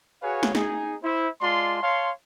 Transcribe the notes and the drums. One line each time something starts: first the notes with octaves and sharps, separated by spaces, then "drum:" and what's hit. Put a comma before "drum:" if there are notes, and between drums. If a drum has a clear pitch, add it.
F#4 G#4 B4 C#5 F5 G#5
drum: snare
D#4 G#4, drum: snare
E4 C5
G#3 F4 D5 A5 C6
C#5 F5 A5 C6